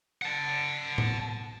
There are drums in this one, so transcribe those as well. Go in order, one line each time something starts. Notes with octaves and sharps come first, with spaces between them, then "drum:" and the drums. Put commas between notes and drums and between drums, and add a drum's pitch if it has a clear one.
F#5 A5
drum: tom A2